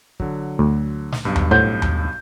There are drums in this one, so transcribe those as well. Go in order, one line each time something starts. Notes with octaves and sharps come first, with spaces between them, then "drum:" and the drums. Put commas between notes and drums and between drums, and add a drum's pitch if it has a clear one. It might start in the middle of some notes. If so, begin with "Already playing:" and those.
D3 F#3, drum: kick
D2
drum: snare
B1 G2
drum: tom D#2
A2 C5 F#5 G6
drum: tom D#2